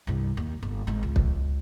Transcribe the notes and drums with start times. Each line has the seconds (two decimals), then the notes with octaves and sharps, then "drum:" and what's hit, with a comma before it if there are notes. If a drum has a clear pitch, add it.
0.07 C2 G2
0.37 D#2
0.63 G1
0.87 G#1 G#2
1.03 C#2
1.16 drum: kick